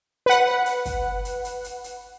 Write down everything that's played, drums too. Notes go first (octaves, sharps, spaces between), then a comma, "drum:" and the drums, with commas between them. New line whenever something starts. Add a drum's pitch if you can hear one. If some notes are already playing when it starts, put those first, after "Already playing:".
B4 F#5
drum: hi-hat
drum: kick, hi-hat
drum: hi-hat
drum: hi-hat
drum: hi-hat
drum: hi-hat